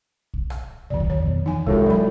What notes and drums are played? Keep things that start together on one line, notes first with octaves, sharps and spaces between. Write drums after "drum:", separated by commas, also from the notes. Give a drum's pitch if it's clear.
drum: kick
drum: rim click
F1 D2 D#3 F#3 D5
drum: kick
C#5
F2 B2
E3 F3 D#4 G#5
F#2 A2 C3 G#3 F4 G4, drum: kick
F#3 B5